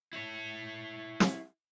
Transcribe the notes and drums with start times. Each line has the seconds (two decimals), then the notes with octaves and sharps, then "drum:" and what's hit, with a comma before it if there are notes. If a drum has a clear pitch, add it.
0.13 E4 C#5
1.20 drum: snare